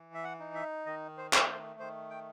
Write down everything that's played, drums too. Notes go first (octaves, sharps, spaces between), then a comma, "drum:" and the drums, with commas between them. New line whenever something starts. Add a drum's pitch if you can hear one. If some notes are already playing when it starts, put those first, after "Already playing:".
Already playing: E3
E5
F#5
D#4
E5
D#3 D#5
C5
A3, drum: clap
C5
D#3 C5
G5